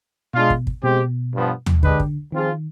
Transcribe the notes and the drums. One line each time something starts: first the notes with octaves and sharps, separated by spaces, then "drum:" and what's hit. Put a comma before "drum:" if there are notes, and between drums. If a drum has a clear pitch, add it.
B2 G#3 D4 F4
drum: kick
drum: kick
B2 G#3 C4 G4
G2 F3 B3
drum: tom D#2
D3 G#3 D4 G4 B4 D#5, drum: kick
drum: kick
D#3 F3 C4 F4 G#4